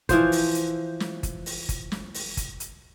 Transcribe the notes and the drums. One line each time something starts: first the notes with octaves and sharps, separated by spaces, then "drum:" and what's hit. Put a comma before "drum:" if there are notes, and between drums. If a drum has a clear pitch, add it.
E3 F3 C5, drum: kick G1, hi-hat
drum: open hi-hat
drum: hi-hat
drum: snare
drum: kick G1, hi-hat
drum: open hi-hat
drum: kick G1, hi-hat
drum: snare
drum: open hi-hat
drum: kick G1, hi-hat
drum: hi-hat